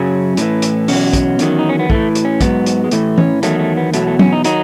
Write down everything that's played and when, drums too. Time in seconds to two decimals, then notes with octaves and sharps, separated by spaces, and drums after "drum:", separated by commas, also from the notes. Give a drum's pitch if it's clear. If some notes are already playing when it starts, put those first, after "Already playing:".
Already playing: F#2 C#3 F#3 C#4
0.37 A2 E3, drum: hi-hat
0.62 drum: hi-hat
0.88 E2 B2 F#3 C#4, drum: open hi-hat
1.13 drum: kick, hi-hat
1.39 E2 D#3 F#3, drum: hi-hat
1.59 D#4
1.69 C#4
1.79 B3
1.90 A2 E3 A3, drum: kick
2.15 drum: hi-hat
2.24 C#4
2.41 G#2 F#3 B3, drum: kick, hi-hat
2.66 drum: hi-hat
2.84 G#3
2.91 A2 E3 A3, drum: hi-hat
3.18 C#4, drum: tom E3
3.43 E2 D#3 F#3 A3, drum: hi-hat
3.59 A3
3.77 B3
3.94 E2 B2 F#3 A3, drum: hi-hat
4.07 A3
4.19 C#4, drum: tom F#3
4.33 D#4
4.44 D#3 F#3 D#4, drum: hi-hat